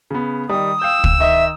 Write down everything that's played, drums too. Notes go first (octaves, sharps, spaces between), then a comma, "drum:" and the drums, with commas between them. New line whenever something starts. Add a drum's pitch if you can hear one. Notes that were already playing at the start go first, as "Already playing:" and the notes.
C#3 B3
D#3 G3 D#6
F5 G5 E6 G6
drum: kick
D#3 D#5 E5 D#6